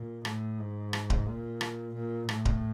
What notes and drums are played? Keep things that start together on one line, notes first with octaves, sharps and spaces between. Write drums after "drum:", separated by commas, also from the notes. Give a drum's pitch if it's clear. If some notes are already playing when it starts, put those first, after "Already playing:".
Already playing: A#2
A2, drum: rim click
G#2
drum: rim click
drum: kick D1
A#2
drum: rim click
A#2
A2, drum: rim click
drum: kick D1